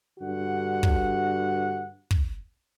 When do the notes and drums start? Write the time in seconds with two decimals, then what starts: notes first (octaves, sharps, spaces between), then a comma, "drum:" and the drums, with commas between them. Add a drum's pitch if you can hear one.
0.19 G2 D3 F#4 F#5
0.83 drum: kick
2.11 drum: kick